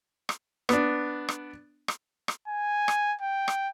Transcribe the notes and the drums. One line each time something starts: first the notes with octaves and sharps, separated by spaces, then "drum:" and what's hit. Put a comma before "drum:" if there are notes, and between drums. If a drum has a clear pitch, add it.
drum: rim click
B3 D4, drum: rim click
drum: rim click
drum: rim click
drum: rim click
G#5
drum: rim click
G5
drum: rim click